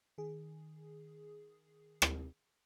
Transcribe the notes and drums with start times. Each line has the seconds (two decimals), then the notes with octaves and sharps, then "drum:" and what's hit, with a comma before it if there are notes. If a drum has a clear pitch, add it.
0.18 D#3 G#4
2.02 drum: rim click